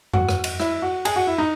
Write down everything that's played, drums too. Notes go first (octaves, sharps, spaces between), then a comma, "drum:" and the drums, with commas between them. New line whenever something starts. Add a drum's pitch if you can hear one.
F#4, drum: tom F2
drum: rim click
drum: cymbal
E4, drum: rim click
F#4
G#4, drum: cymbal
F#4
E4
D#4